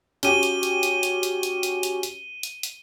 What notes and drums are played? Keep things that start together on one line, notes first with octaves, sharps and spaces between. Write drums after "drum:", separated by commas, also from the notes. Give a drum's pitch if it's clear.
C#4 F#4 G4 D#7 G7, drum: hi-hat
drum: hi-hat
drum: hi-hat
drum: hi-hat
drum: hi-hat
drum: hi-hat
drum: hi-hat
drum: hi-hat
drum: hi-hat
drum: hi-hat
drum: hi-hat
drum: hi-hat